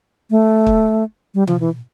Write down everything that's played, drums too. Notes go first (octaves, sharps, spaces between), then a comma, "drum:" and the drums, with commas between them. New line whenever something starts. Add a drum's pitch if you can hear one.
A3
drum: kick
G3
F3, drum: tom B2
E3